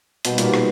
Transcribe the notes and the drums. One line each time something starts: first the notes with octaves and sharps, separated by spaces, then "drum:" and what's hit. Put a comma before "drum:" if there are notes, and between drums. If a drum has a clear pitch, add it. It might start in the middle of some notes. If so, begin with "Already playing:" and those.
B2 G3 A#3 D#4 G4 C5, drum: hi-hat
A#2, drum: hi-hat
B2
drum: rim click